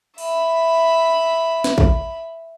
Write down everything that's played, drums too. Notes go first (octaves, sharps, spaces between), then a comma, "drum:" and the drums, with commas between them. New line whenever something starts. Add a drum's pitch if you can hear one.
E5 B5, drum: open hi-hat
drum: snare
drum: kick A1